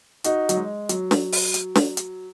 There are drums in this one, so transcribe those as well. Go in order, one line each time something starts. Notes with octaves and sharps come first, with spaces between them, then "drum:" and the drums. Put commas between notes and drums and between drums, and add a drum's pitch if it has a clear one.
D#4 F#4, drum: hi-hat
F#3, drum: hi-hat
G#3
F#3, drum: hi-hat
drum: snare
drum: open hi-hat
drum: hi-hat
drum: snare
drum: hi-hat